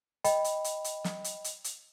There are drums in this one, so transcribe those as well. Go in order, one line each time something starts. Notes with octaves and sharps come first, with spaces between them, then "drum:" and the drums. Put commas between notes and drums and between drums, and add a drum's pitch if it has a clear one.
D#5 G5 B5, drum: hi-hat
drum: hi-hat
drum: hi-hat
drum: hi-hat
drum: snare
drum: hi-hat
drum: hi-hat
drum: hi-hat